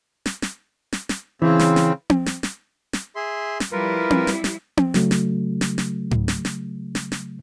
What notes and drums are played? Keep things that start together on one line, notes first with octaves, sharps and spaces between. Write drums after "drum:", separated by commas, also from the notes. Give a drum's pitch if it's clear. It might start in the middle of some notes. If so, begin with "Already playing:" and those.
drum: snare
drum: snare
drum: snare
drum: snare
C#3 E3 C4
drum: snare
drum: snare
drum: tom C4
drum: snare
drum: snare
drum: snare
G#4 E5 C6
drum: snare
F3 G3 E4 F4 A#4 B4
drum: tom C4
drum: snare
drum: snare
drum: tom C4
C#3 F#3 A3, drum: snare
drum: snare
drum: snare
drum: snare
drum: tom G#2
drum: snare
drum: snare
drum: snare
drum: snare